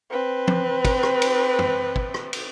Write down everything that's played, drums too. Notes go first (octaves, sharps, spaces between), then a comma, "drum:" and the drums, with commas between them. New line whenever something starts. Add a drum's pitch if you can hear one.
C4 B4
drum: tom F3
drum: kick, cymbal
drum: rim click
drum: cymbal
drum: tom
drum: kick
drum: rim click
drum: cymbal